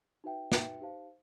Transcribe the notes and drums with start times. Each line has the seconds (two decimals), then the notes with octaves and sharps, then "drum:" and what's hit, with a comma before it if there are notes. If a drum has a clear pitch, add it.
0.24 D#4 F#4 B4 E5 G5
0.52 D#4 F#4 B4 E5 G5, drum: snare
0.81 D#4 G4 C5 F5 A5